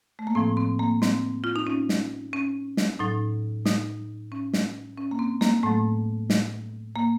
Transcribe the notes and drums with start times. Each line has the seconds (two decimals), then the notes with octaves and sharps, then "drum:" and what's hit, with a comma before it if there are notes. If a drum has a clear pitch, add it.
0.19 A3
0.27 A#3
0.35 A2 F3 C4
0.57 C4
0.79 A#3
1.02 C4, drum: snare
1.44 F4
1.56 D#4
1.67 C#4
1.89 drum: snare
2.33 C#4
2.77 drum: snare
2.99 A2 F#3 D#4
3.66 D#4, drum: snare
4.32 C#4
4.53 drum: snare
4.98 C#4
5.11 A#3
5.19 C4
5.41 A#3, drum: snare
5.63 A2 F#3 A3
6.30 drum: snare
6.96 A#3